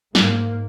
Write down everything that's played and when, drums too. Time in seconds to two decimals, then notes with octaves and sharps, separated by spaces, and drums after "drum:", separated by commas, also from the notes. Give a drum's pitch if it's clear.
0.15 G#2 A#3, drum: snare